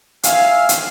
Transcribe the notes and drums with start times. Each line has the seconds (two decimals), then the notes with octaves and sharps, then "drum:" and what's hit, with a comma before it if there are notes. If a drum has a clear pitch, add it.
0.23 E5 F5 G#5, drum: hi-hat
0.69 drum: hi-hat